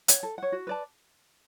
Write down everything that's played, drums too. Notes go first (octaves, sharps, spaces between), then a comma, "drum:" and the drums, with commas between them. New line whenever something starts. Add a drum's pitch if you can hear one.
C#5 F#5, drum: hi-hat
A4
C#5 F#5
F#4
B4 D5 A5